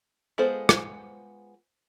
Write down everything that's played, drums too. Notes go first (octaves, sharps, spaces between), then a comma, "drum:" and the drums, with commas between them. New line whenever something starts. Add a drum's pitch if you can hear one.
G#3 B3 F4 A4 C5
drum: rim click